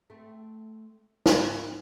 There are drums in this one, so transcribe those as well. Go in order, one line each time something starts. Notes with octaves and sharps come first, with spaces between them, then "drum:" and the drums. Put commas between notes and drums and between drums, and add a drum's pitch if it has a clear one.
A3 C4
G#2, drum: snare